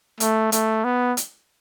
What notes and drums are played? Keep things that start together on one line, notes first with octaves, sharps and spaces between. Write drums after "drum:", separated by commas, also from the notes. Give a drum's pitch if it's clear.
A3, drum: hi-hat
A3, drum: hi-hat
B3
drum: hi-hat